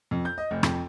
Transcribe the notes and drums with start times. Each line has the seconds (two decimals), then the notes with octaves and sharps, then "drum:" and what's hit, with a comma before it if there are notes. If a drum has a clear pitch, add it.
0.11 F2
0.25 G6
0.38 D#5
0.51 F1
0.63 F2, drum: rim click